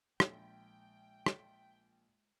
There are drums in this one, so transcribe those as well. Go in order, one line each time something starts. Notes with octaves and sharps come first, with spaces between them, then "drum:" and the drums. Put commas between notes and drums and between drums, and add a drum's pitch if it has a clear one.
A#1 G#3 G5, drum: rim click
drum: rim click